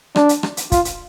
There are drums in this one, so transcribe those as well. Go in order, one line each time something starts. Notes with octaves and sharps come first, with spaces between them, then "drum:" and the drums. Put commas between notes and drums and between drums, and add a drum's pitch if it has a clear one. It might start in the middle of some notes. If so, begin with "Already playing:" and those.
D4, drum: rim click
drum: hi-hat
drum: rim click
drum: hi-hat
F4, drum: kick, hi-hat
drum: hi-hat